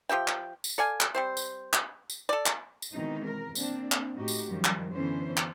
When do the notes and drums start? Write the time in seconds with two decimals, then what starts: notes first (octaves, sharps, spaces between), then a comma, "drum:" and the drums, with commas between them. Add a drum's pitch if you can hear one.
0.09 F3 G4 E5 G5
0.28 drum: clap
0.64 drum: tambourine
0.78 A4 D5 F5 G#5
1.00 drum: clap
1.15 G3 C4 C5
1.37 drum: tambourine
1.73 drum: clap
2.10 drum: tambourine
2.29 A4 D5
2.46 drum: clap
2.82 drum: tambourine
2.94 B2 D#3 E3 G#3 C4 D#4
3.27 A#4
3.55 A#3 C4 D4, drum: tambourine
3.92 drum: clap
4.16 A2 D#4 F#4 G4
4.28 drum: tambourine
4.48 F#2 D#3 F3 G3
4.64 drum: clap
4.93 D3 E3 B3 C#4 C5
5.37 drum: clap